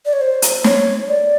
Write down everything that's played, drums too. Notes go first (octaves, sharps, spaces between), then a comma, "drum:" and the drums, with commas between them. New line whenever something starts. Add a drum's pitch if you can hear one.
D5
C#5
C5
drum: hi-hat
C#5, drum: snare
D5